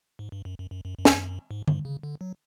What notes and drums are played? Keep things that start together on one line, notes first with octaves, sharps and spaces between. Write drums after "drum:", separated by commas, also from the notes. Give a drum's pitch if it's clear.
G#2
G2
F#2
F#2
F#2
F#2
F#2
F2, drum: snare
F#2
G#2
G2, drum: tom D3
C#3
D3
F#3